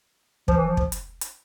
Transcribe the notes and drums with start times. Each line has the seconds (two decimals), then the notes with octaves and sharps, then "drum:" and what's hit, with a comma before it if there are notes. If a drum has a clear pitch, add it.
0.48 F3, drum: kick
0.57 E3
0.67 F3
0.77 drum: kick
0.92 drum: hi-hat
1.21 drum: hi-hat